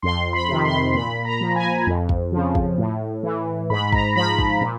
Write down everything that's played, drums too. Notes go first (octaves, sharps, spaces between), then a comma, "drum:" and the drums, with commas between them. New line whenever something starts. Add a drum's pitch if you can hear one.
F2 C6
B5
C3 D#3
C6
A#2 B5
A#5
F3
G#5
F2
drum: kick
C#3 F3
drum: kick
A2
E3
G#2 B5
A#5, drum: kick
F3 B5
drum: kick
A#2